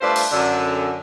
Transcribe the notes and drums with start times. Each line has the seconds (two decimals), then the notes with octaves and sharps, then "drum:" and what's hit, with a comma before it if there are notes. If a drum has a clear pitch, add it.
0.01 G2 A3 F4 B4 C5 D5
0.16 drum: cymbal
0.31 F#2 D3